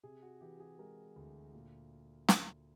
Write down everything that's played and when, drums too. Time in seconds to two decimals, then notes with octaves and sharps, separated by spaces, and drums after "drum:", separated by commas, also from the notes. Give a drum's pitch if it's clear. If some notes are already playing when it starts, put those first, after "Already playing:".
0.03 C3 G#4
0.23 F#4
0.41 E3 G4
0.60 G#4
0.79 G#3 A#4
1.16 D2
1.53 A#2
2.28 drum: snare